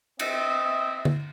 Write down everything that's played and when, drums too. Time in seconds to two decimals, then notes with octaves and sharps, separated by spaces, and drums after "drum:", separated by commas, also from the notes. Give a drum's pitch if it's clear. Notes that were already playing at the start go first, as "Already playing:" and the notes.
0.19 C4 D#5 E5, drum: cymbal
1.05 drum: tom D3